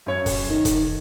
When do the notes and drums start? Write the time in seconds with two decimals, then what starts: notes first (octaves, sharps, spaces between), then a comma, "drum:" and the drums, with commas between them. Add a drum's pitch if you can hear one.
0.06 F#2 C#5 G#6
0.26 drum: kick, open hi-hat
0.50 D#3
0.65 drum: kick, hi-hat